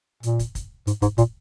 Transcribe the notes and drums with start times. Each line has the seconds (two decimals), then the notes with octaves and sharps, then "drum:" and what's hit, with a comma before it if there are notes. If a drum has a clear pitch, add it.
0.23 A#2, drum: hi-hat
0.39 drum: kick, hi-hat
0.55 drum: kick, hi-hat
0.87 G#2, drum: hi-hat
1.02 G#2, drum: kick, hi-hat
1.18 A#2, drum: kick, hi-hat